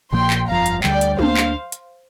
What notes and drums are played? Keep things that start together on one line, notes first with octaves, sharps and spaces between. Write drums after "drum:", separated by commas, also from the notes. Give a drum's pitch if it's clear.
A#1 A#2 F3 A#3 G5 C6
drum: clap
G1 F2 F3 F5 A#5
drum: hi-hat
D2 D3 G3 D5 G5, drum: clap
drum: hi-hat
D2 D3 A#3 D4 C5 F5, drum: tom
drum: clap
drum: hi-hat